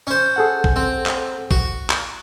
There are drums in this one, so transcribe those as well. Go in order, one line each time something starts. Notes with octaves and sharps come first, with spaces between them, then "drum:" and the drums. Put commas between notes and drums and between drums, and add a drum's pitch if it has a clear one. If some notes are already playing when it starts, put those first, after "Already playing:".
C#4 C5
G#4 A4 F#5
drum: kick
C4
drum: clap
F#4, drum: kick
drum: clap